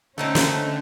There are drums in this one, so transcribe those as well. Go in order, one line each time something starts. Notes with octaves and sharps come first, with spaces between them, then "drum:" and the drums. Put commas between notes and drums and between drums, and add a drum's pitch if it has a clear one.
D3 A3 C4 C#4 D#4 A4
drum: snare